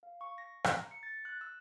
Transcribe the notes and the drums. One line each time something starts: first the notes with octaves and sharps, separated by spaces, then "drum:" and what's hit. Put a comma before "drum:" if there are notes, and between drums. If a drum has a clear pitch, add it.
F5
C#6
A#6
A#5, drum: rim click
C#7
A6
F#6
E6